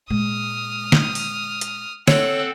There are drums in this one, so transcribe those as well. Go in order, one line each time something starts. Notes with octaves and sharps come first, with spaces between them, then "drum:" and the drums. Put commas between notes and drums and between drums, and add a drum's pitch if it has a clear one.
A#2 G#3 D#6 F6
drum: snare
drum: open hi-hat
drum: hi-hat
C4 A4 C#5 F#5, drum: snare